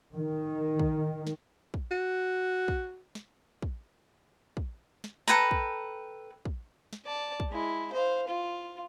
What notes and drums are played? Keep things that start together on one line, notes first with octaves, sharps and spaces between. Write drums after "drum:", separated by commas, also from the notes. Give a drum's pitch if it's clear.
D#3
drum: kick
drum: snare
drum: kick
F#4
drum: kick
drum: snare
drum: kick
drum: kick
drum: snare
A4 B4 G5 A#5
drum: kick
drum: kick
drum: snare
D5 A5
drum: kick
G#3 E4
C5 F5
F4